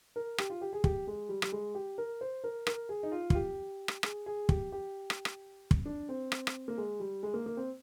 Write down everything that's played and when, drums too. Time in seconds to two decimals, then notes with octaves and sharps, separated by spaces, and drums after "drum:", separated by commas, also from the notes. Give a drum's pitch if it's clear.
0.16 A#4
0.38 G4, drum: rim click
0.50 F4
0.61 G4
0.73 G#4
0.84 G4, drum: kick
1.07 G#3
1.29 G3
1.42 G3, drum: rim click
1.52 G#3
1.75 G4
1.98 A#4
2.21 C5
2.44 A#4
2.67 A#4, drum: rim click
2.89 G#4
3.03 D#4
3.12 F4
3.30 F4, drum: kick
3.35 G4
3.88 drum: rim click
4.03 G#4, drum: rim click
4.26 G#4
4.49 G4, drum: kick
4.72 G4
5.10 drum: rim click
5.25 drum: rim click
5.71 drum: kick
5.85 D4
6.09 C4
6.32 drum: rim click
6.47 drum: rim click
6.68 A#3
6.78 G#3
7.00 G3
7.23 G#3
7.34 A#3
7.46 A#3
7.57 C4